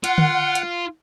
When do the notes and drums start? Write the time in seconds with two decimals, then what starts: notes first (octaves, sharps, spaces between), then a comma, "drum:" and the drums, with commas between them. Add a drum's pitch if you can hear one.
0.04 F4 F#5, drum: hi-hat
0.18 drum: tom D3
0.55 drum: hi-hat